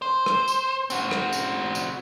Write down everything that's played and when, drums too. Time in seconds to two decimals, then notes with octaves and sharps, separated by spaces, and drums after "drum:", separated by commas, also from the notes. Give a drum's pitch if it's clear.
0.02 C5
0.26 drum: rim click
0.48 drum: tambourine
0.90 C4 F#4, drum: tambourine
1.11 drum: rim click
1.33 drum: tambourine
1.75 drum: tambourine